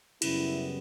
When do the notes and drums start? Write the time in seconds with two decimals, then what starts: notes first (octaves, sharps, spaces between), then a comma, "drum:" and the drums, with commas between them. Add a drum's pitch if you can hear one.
0.22 F#2 C#3 G3 B3 E4, drum: cymbal